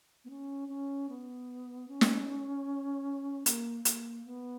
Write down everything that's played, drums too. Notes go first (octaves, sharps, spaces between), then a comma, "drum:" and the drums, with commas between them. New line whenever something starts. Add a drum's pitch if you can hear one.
B3
C#4
C#4
B3
C#4
drum: snare
A#3, drum: hi-hat
A#3, drum: hi-hat
B3